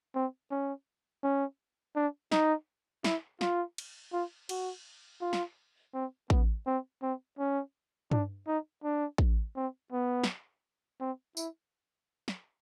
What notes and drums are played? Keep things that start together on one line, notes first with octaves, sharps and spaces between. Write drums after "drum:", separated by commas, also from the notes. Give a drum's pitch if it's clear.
C4
C#4
C#4
D4
D#4, drum: snare
E4, drum: snare
F4, drum: snare
drum: cymbal
F4
F#4, drum: cymbal
F4
drum: snare
C4
B3, drum: kick A1
C4
C4
C#4
D4, drum: tom G2
D#4
D4
drum: kick A1
C4
B3
drum: snare
C4
E4, drum: tambourine
drum: snare